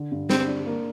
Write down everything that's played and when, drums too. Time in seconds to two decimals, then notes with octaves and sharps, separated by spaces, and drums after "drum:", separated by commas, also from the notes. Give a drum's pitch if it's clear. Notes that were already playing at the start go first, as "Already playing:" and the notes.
Already playing: D3
0.11 G2
0.30 G3 C4, drum: snare
0.48 D4
0.66 A#3